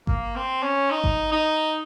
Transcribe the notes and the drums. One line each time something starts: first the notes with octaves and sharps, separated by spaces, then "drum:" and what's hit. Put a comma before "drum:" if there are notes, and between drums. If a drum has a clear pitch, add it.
A#3, drum: kick G#1
C4
C#4
D#4
drum: kick G#1
D#4